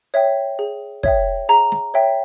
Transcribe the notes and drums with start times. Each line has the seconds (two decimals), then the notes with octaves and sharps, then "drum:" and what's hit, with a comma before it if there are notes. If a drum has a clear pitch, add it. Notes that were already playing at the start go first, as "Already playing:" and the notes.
0.14 C#5 E5 G5
0.59 G#4
1.03 C#5 E5 G5, drum: kick
1.49 G#4 A#5
1.72 drum: snare
1.94 C#5 E5 G5